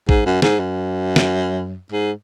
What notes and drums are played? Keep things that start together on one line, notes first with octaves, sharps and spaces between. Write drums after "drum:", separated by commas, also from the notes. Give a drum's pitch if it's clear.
G#2, drum: kick
F#2
G#2, drum: snare
F#2
drum: snare
G#2